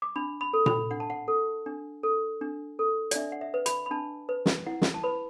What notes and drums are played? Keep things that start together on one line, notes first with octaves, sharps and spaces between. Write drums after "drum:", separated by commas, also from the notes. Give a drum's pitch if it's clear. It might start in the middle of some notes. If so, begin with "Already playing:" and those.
D6
D4 B5
B5
A4
B5, drum: tom A#2
D4 F#5
A5
F#5
A4
D4
A4
D4
A4
D5, drum: hi-hat
D4 E5
F#5
E5
B4
B5, drum: hi-hat
B5
D4 A5
B4
drum: snare
E4 F#5
drum: snare
A5
B4 B5